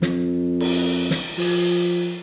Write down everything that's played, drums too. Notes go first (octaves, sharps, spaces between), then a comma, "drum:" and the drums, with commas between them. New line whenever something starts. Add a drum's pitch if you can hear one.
F2, drum: snare
drum: cymbal
drum: snare
F3, drum: open hi-hat